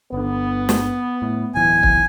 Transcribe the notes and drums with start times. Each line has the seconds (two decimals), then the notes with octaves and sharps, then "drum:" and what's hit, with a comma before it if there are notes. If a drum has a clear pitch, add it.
0.13 G1 D3 B3
0.69 drum: snare
1.22 A2
1.55 D1 B1 E3 G#5
1.83 drum: kick